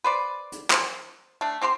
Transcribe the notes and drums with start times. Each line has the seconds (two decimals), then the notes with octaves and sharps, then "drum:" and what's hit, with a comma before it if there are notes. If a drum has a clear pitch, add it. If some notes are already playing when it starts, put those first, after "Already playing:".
0.04 B4 C5 D5
0.52 drum: hi-hat
0.70 C5, drum: clap
1.41 A3 D4
1.62 C4 G4 C5 C6